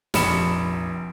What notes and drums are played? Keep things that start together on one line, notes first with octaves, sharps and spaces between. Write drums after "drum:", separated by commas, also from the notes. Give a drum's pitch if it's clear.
F1 A#1 B5 C#7 E7, drum: snare